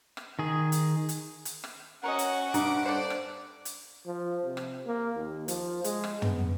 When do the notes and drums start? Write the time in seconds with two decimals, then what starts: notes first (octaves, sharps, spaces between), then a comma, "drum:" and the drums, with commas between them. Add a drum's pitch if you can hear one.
0.17 drum: rim click
0.39 D#3 G#4
0.72 drum: hi-hat
1.09 drum: hi-hat
1.45 drum: hi-hat
1.64 drum: rim click
2.04 C#4 F#4 A#4 C#5 D#5 F#5
2.19 drum: hi-hat
2.54 G2 D#4 D6, drum: hi-hat
2.85 A4 C5 D5
3.10 drum: rim click
3.65 drum: hi-hat
4.06 F3
4.45 C3
4.57 drum: rim click
4.86 A#3
5.16 D#2
5.48 F3, drum: hi-hat
5.84 G#3, drum: hi-hat
6.04 drum: rim click
6.22 B3, drum: tom